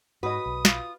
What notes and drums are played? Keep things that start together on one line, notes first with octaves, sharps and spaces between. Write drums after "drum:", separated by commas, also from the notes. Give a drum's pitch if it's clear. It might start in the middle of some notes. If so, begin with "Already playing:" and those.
G#2 F#4 B4 D#5 D#6
B1
F4, drum: snare